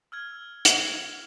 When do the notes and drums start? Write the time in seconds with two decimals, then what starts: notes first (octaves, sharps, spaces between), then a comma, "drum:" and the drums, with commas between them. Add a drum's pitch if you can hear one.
0.12 E6 F6 G#6
0.65 drum: hi-hat